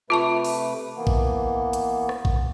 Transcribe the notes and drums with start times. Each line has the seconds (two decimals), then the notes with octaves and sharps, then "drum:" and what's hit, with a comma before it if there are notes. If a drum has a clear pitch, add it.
0.10 C3 A3 F4 B4 A5 C#6
0.45 drum: open hi-hat
0.97 E3 A#3 B3
1.07 drum: kick A1
1.73 drum: hi-hat
2.09 drum: rim click
2.25 drum: kick A1